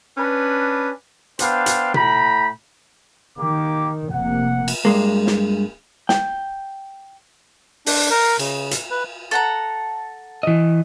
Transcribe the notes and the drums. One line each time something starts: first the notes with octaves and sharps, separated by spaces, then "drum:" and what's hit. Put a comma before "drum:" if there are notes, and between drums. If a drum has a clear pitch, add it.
C#4 D4 B4
B3 D4 C5 F5 G5, drum: hi-hat
drum: hi-hat
A2 G5 A#5 B5, drum: tom B2
D#3 A#3 G4 D6
F1 C3 A#3 F#5
drum: cymbal
G2 G#3 A#3
drum: snare
G5, drum: snare
D4, drum: open hi-hat
A#4
C#3, drum: cymbal
drum: hi-hat
B4
A4 F#5 A#5
E3 D#5